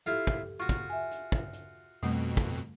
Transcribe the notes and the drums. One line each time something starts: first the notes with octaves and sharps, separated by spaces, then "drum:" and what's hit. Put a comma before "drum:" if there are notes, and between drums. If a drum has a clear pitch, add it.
E4 F4 G4 A4 F5
drum: kick, hi-hat
F4 F#4 C#6
drum: kick, hi-hat
E5 G#5
drum: hi-hat
drum: kick
drum: hi-hat
F2 B2 G3 A3
drum: kick, hi-hat